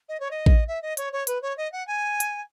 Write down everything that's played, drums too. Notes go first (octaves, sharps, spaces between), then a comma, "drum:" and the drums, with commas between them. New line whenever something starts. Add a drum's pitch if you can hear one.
D#5
C#5
D#5
drum: kick A1
E5
D#5
C#5, drum: hi-hat
C#5
B4, drum: hi-hat
C#5
D#5
F#5
G#5
drum: hi-hat